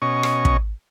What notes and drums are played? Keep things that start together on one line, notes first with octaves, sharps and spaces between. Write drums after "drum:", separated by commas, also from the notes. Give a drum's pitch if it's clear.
B2 C#4 D#5 C#6
drum: rim click
drum: kick